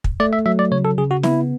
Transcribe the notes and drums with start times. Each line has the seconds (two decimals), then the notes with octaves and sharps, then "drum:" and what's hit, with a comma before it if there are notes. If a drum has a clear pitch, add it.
0.04 drum: kick
0.20 A3 D5
0.33 E5
0.46 F#3 E5
0.59 D5
0.72 C#3 C#5
0.85 A4
0.98 C#3 G#4
1.11 F#4
1.23 B3 E4, drum: snare